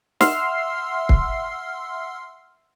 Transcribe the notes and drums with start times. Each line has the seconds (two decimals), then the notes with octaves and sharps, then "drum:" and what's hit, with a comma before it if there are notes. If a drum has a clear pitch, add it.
0.21 E5 F#5 C6 E6 F6 C7, drum: snare
1.09 drum: kick